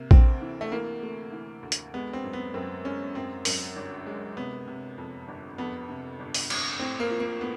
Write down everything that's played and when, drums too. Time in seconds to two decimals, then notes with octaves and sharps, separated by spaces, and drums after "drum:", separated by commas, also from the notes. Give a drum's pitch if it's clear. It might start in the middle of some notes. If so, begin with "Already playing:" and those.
Already playing: C3 A#3
0.11 D2 C4, drum: kick A#1
0.41 E3
0.61 A3
0.72 E3 A#3
1.02 A3
1.32 E3
1.63 D2
1.72 drum: hi-hat
1.94 G#3 B3
2.13 C4
2.24 F#2
2.33 B3
2.54 F#2 C4
2.84 G#3 C#4
3.15 F#2 C4
3.45 F#2, drum: open hi-hat
3.76 G1
4.06 G#3
4.37 C3 B3
4.67 C3
4.98 F2
5.28 G1
5.58 F2 B3
5.89 C3
6.19 G1
6.34 drum: open hi-hat
6.50 G1, drum: cymbal
6.79 A2 C4
7.00 A#3
7.11 F3
7.20 A#3
7.41 A2 B3